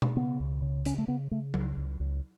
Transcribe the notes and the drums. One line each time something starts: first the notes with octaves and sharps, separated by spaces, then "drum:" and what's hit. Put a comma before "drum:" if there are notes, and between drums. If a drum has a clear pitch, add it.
drum: tom B2
C#3 B3
C#2
C#3
C#3 C#4, drum: hi-hat
A3
C#3 B3
C#3 A3
C#2, drum: tom F#3
C#2
C#2